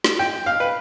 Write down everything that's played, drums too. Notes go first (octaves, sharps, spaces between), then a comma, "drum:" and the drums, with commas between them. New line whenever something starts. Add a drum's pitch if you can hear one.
drum: snare
G5
F5
B4